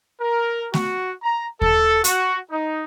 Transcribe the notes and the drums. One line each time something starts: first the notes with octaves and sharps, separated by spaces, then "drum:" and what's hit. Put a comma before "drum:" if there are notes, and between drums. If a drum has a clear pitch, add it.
A#4
F#4, drum: snare A3
A#5
A4, drum: kick D#2
F#4, drum: hi-hat
D#4